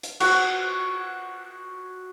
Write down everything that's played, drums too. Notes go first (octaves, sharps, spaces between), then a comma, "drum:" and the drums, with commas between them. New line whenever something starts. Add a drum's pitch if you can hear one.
drum: hi-hat
F#4 F#5, drum: cymbal